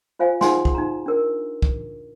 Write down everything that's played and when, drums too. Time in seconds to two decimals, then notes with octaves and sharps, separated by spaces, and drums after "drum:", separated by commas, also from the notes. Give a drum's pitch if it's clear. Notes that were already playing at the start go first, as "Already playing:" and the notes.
0.19 F4 C5 F5 G#5
0.41 D#4 F4 G#4 F#5 G#5 C6, drum: snare
0.65 drum: kick
0.74 D#4 A#5
1.06 D4 A#4
1.62 drum: kick